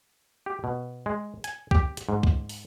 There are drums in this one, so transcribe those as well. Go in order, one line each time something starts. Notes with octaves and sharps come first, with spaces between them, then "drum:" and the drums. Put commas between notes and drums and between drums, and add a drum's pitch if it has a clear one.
G4
B2
G#3
G#5, drum: hi-hat
G4, drum: kick
drum: hi-hat
G#2
drum: kick
drum: open hi-hat